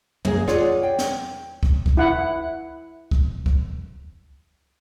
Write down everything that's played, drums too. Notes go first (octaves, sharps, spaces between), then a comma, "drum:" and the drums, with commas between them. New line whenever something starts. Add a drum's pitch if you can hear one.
F#2 A#3 G#4 A#4, drum: tom
F4 G#4 C#5 D5 F#5, drum: rim click
G5
drum: snare
drum: kick
drum: kick
E4 F#5
drum: kick
drum: kick